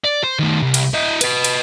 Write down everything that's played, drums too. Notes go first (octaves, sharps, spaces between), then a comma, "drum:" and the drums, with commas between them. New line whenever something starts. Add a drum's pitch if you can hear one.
D5
C5
D#3 A3
C2
drum: cymbal
E4 D#5
B4 D#5, drum: cymbal
drum: cymbal